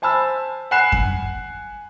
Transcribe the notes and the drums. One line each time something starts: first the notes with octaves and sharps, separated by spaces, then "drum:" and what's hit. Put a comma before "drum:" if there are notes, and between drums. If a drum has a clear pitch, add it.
C5 G#5 A5 B5 E6
F#5 G#5 B5 F#6 C7 E7
drum: kick F2